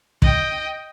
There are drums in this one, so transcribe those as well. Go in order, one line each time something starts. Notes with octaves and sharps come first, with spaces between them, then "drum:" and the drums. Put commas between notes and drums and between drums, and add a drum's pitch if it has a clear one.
D#5 G5, drum: kick